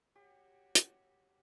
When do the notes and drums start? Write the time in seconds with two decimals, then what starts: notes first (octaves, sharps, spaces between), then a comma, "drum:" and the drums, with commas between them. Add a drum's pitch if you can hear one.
0.15 F#4 G4 C#5
0.75 drum: hi-hat